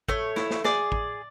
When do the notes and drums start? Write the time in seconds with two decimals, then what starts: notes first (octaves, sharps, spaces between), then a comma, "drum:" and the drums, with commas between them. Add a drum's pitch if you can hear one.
0.08 A3 C#5, drum: kick
0.36 E4, drum: snare
0.50 drum: snare
0.64 G#4 D5, drum: snare
0.92 drum: kick